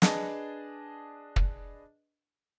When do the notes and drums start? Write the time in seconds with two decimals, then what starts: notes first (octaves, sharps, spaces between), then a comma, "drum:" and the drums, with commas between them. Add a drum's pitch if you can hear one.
0.02 D4 G#4 B4 D#5 A5, drum: snare
1.36 drum: kick